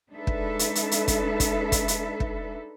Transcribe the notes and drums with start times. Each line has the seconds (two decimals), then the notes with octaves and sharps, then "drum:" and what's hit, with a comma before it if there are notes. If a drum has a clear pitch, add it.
0.11 G#3 D4 D#4 A4 B4 E5
0.27 drum: kick
0.59 drum: hi-hat
0.75 drum: hi-hat
0.92 drum: hi-hat
1.08 drum: kick, hi-hat
1.40 drum: kick, hi-hat
1.72 drum: kick, hi-hat
1.88 drum: hi-hat
2.20 drum: kick